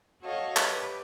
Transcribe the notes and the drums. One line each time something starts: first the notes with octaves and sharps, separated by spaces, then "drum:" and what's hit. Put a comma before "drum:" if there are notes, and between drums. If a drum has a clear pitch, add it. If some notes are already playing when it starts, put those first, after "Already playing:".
F#4 A4 C#5 D#5 F5
G4 B4, drum: clap